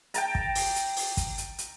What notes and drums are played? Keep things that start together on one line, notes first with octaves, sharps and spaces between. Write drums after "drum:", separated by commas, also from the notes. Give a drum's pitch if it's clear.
G5 A5 A#5, drum: hi-hat
drum: kick
drum: open hi-hat
drum: hi-hat
drum: open hi-hat
drum: kick, hi-hat
drum: hi-hat
drum: hi-hat